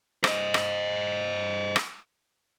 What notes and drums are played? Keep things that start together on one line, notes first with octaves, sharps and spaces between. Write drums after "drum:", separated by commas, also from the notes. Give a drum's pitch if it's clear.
C5 D#5, drum: rim click
drum: rim click
drum: rim click